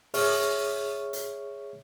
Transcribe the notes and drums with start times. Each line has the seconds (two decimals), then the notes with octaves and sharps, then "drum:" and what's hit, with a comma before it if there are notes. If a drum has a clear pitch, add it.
0.14 G#4 C#5 E5 C#6 F6, drum: open hi-hat
1.13 drum: hi-hat